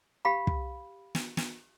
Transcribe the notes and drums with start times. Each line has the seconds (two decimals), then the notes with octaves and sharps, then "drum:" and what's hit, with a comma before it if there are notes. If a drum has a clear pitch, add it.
0.25 G4 F5 B5
0.47 drum: kick
1.15 drum: snare
1.37 drum: snare